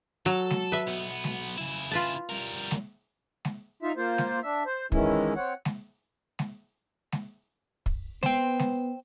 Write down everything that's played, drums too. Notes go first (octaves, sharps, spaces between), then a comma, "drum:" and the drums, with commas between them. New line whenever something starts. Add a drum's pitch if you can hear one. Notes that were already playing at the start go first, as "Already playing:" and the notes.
F#3 A4
drum: snare
B4 E5
B1 B3
drum: snare
C#3 E4
F4 B4 A5
G3 A#4
drum: snare
drum: snare
D#4 F4 E5
A#3 F4 C5
drum: snare
D4 E5
C5
D#3 E3 G#3 C#4 E4, drum: kick
C4 C#5 F#5
drum: snare
drum: snare
drum: snare
drum: kick
B3 C5 G5, drum: snare
drum: snare